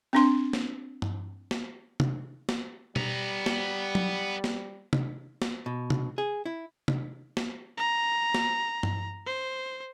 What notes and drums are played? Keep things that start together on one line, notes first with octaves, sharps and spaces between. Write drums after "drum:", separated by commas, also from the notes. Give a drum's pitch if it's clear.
C4 D4 C6
drum: snare A#3
drum: tom G2
drum: snare A#3
drum: tom
drum: snare A#3
G3 B3 A#5, drum: tom B2
drum: snare A#3
drum: tom F#3
drum: snare A#3
drum: tom
drum: snare A#3
B2
drum: tom
G#4
E4
drum: tom
drum: snare A#3
A#5
drum: snare A#3
drum: tom G2
C5